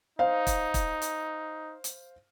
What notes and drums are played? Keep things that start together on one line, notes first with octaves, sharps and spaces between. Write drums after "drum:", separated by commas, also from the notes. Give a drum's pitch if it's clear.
D#4 C5 F5
drum: kick, hi-hat
drum: kick, hi-hat
drum: hi-hat
drum: hi-hat